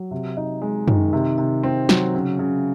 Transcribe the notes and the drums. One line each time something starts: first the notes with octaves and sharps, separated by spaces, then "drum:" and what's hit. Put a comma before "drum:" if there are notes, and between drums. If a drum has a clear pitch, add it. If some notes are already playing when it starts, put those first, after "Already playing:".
Already playing: F#3
C3
D#4
G#3
D#3, drum: tom F#2
C3
C3
C4
F#3, drum: snare
C#3
C#3